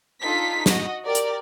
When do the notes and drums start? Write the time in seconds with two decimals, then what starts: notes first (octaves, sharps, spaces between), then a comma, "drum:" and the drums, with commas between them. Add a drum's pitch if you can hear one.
0.23 D4 D#4 F4 A4 B6
0.66 F#4 D#5, drum: snare
1.04 G4 A#4 D5
1.15 drum: hi-hat